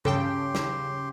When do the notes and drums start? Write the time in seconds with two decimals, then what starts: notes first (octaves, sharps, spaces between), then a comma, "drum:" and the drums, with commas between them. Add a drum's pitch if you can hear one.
0.05 C#3 G4 A4 G5 C6, drum: tom G2
0.55 drum: snare